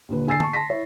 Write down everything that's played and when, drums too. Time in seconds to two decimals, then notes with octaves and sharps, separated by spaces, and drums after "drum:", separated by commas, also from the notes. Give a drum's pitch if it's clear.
0.09 D#2 A#2 D3 B4
0.27 D3 G#5 E6 A6 C7
0.40 A5 C#6, drum: tom D3
0.53 A5 C6 A#6 B6
0.69 E4 C#5